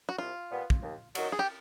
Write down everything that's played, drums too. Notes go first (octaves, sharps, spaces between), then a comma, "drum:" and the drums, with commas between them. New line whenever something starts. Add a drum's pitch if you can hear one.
F#4
C2 F4
A#2 G3 B3
drum: kick
D#2
D#3 F#3, drum: cymbal
G#4
G4